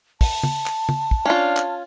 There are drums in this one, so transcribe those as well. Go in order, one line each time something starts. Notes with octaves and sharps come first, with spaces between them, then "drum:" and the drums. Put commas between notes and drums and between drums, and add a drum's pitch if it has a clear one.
A5, drum: kick, open hi-hat
drum: tom
drum: clap
drum: tom
drum: kick
C#4 D4 F4 F5
drum: clap